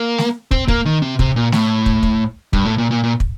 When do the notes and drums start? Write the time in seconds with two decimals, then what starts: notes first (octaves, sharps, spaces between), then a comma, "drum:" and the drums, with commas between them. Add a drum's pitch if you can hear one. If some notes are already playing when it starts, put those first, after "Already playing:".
Already playing: A#3
0.18 drum: snare A3
0.51 C4, drum: kick
0.68 A#3, drum: kick
0.86 D#3
1.02 C3
1.19 C3, drum: kick
1.36 A#2
1.52 A2, drum: snare A3
1.86 drum: kick
2.03 drum: kick
2.53 G2, drum: kick
2.65 A2
2.78 A#2
2.91 A#2
3.04 A#2
3.20 drum: kick